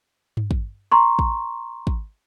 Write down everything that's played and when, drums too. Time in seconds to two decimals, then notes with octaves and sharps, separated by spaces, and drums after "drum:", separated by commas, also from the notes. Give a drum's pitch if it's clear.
0.37 drum: tom G2
0.51 drum: kick
0.92 A#5 C6 C#6
1.19 drum: kick
1.87 drum: kick